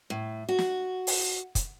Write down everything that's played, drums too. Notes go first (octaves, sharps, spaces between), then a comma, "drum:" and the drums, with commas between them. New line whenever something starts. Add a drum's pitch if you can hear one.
A2
F#4
drum: snare
drum: open hi-hat
drum: kick, hi-hat